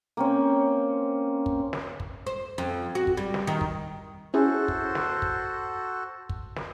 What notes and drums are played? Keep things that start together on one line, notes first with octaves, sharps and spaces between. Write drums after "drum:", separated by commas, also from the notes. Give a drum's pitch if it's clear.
A#3 C4 C#4
drum: kick
drum: snare
drum: kick
C5
F2
F#4
drum: kick
G3
drum: snare
D#3
drum: kick
C#4 E4 F#4 G#4 A4 C5
drum: kick
drum: snare
drum: kick
drum: kick
drum: snare